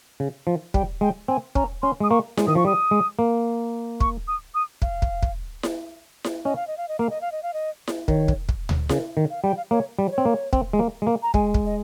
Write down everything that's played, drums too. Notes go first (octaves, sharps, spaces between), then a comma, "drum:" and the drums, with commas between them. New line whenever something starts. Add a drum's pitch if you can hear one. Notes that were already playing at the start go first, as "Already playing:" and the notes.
C#3
F3
G3 G5, drum: kick
G#3 G5
C4 G#5
C#4 A#5, drum: kick
C#4 C6
G#3 D#6
A#3 C#6
G#3, drum: snare E4
D#3 D#6
F3 C#6
G3 D#6
G#3
A#3
C#6, drum: kick
D#6
D#6
F5, drum: kick
drum: kick
drum: kick
drum: snare E4
drum: snare E4
C#4 D#5
F5
D#5
F5
D#5
A#3 F5
D#5
F5
D#5
F5
D#5
drum: snare E4
D#3 C#5, drum: kick
drum: kick
drum: kick
drum: tom D2
C#3 A#4, drum: snare E4
D#3
F5
G3 G5
F5
A#3 C#5
G3
C5
C#5
C4
A#3
C4, drum: kick
G#3
A#3
G#3
A#3
A#5
G#3 G#5, drum: kick
drum: kick
D#5